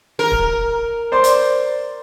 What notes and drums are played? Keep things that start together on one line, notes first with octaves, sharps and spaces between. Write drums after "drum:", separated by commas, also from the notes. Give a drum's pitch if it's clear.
A#4
drum: kick
C5 D5 C6
drum: hi-hat